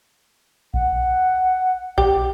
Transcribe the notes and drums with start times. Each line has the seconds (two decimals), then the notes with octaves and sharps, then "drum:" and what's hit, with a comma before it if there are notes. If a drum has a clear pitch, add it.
0.74 F#5, drum: kick A#1
1.98 G4, drum: kick A#1